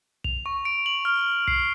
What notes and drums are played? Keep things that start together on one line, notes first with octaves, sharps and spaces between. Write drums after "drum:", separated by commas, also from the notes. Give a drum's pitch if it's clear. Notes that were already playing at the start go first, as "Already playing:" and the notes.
F7, drum: kick
C#6
D7
F#7
F6
C7, drum: kick